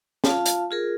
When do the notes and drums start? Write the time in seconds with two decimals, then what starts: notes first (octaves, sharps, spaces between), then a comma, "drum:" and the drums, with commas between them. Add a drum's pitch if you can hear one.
0.24 F4 F5 A5, drum: snare
0.46 drum: hi-hat
0.71 F4 G#4 A#4